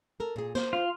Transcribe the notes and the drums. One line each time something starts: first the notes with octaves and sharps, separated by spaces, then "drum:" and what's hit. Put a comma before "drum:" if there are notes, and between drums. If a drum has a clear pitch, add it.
A4 A#4
A#2 G#4
C5, drum: snare A#3
F4